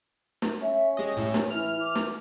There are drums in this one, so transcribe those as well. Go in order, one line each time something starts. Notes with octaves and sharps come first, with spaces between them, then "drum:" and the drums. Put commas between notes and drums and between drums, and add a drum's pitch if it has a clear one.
drum: snare
C#4 E5
G#3 G4 D#5
A2
drum: snare
E3 E4 F6
D6
drum: snare